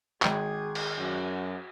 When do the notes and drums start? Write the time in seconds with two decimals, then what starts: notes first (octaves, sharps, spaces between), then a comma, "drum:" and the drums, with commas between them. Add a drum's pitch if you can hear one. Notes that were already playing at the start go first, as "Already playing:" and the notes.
0.22 G#1 G#4 G5, drum: clap
0.75 drum: cymbal
0.98 F#2 F#4